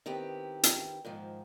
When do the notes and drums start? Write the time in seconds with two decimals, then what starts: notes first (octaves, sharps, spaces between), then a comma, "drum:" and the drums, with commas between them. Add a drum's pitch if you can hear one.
0.06 D#3 B3 C4 E4 G4
0.63 drum: hi-hat
1.05 G#2 D#3 F3